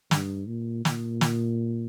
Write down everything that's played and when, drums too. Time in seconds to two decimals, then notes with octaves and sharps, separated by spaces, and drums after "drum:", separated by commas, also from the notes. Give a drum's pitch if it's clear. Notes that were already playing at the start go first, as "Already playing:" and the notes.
0.11 G2, drum: snare
0.47 A#2
0.85 A#2, drum: snare
1.21 drum: snare